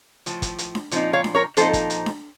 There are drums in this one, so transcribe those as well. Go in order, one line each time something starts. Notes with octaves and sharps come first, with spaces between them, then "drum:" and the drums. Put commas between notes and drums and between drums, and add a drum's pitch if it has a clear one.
A2 F3, drum: hi-hat
drum: kick, hi-hat
drum: hi-hat
drum: snare D4
A#2 F3 C4 D#4, drum: hi-hat
C#5 F5
drum: snare D4
A#4 C#5
A#2 F3 C4 D#4 A4 C5, drum: hi-hat
drum: kick, hi-hat
drum: hi-hat
drum: snare D4